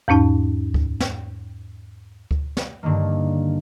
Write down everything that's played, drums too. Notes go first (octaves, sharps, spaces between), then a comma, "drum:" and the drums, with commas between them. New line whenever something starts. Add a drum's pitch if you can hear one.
E2 G#2 C#4 D#4 A5
drum: kick D2
drum: snare
drum: kick D2
drum: snare
G2 D3 D#3 A#3